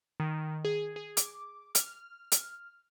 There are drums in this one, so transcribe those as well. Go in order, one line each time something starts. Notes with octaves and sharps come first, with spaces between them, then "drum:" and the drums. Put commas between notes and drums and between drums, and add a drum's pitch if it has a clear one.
D#3
G#4
G#4
D6, drum: hi-hat
F6, drum: hi-hat
drum: hi-hat